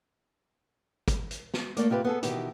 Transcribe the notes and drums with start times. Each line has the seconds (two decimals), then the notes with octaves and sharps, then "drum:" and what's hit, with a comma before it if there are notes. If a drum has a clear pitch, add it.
1.08 drum: kick, hi-hat
1.31 drum: hi-hat
1.54 drum: snare
1.77 A3 A#3 D5, drum: hi-hat
1.90 C3 F4 G4 A#4 B4
2.05 B3 G#4 A4
2.23 B2 D#3 E3 G4, drum: hi-hat